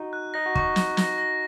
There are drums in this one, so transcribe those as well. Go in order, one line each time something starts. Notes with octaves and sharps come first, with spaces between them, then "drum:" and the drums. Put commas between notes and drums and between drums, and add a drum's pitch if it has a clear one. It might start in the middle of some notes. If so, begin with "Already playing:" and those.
Already playing: D#4 F#4
F#6
D#4 A#6
F#4
D#4 C#6, drum: kick
C#6, drum: snare
A#6, drum: snare
A#6